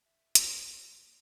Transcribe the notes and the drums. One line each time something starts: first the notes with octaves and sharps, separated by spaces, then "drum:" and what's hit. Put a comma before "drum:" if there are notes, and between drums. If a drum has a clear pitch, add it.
E5
B5, drum: hi-hat
D#5
F#4
C#3
A#3